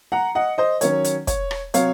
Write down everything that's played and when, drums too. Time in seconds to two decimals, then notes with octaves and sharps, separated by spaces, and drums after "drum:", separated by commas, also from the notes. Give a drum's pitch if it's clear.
0.12 F#5 A#5
0.35 D#5 F#5
0.58 C5 D#5
0.81 D#3 F#3 C#4 C#5, drum: hi-hat
1.04 drum: hi-hat
1.27 C#5, drum: kick, hi-hat
1.51 drum: rim click
1.74 C3 F#3 C4 C#5 F5, drum: hi-hat